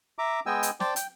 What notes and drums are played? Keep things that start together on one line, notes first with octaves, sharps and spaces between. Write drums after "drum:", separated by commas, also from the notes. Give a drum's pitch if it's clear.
E5 A#5 D6
G#3 B3 D#5 G5 G#5 E6
drum: hi-hat
C5 D5 G5 A5 D6, drum: snare
G5, drum: hi-hat